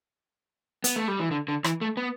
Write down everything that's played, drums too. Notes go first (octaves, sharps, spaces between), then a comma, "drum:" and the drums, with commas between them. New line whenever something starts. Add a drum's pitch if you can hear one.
B3, drum: hi-hat
A3
G3
E3
D3
D3
E3, drum: rim click
A3
B3